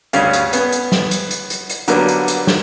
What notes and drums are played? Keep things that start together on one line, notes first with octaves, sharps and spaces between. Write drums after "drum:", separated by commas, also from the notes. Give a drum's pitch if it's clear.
D2 G2 C#3 C#4 F5, drum: hi-hat
drum: hi-hat
B3 C#4, drum: hi-hat
drum: hi-hat
drum: snare
drum: hi-hat
drum: hi-hat
drum: hi-hat
drum: hi-hat
D3 F#3 G3 A#3 B3, drum: hi-hat
drum: hi-hat
drum: hi-hat
drum: snare